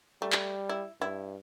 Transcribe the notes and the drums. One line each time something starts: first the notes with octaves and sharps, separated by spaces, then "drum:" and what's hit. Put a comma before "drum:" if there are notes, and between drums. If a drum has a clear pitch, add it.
G3 A3
drum: clap
E4
G2 E4